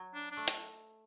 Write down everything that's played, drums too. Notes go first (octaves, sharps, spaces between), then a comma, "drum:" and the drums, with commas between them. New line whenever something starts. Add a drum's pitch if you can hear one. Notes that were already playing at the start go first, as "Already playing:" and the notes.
Already playing: F#3
D4
D4
A3
drum: hi-hat